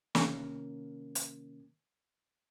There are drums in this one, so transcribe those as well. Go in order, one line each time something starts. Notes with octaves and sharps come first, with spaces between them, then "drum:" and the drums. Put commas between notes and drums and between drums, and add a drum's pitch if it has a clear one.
C3 D#3 A#3 C#4 A#4, drum: snare
drum: hi-hat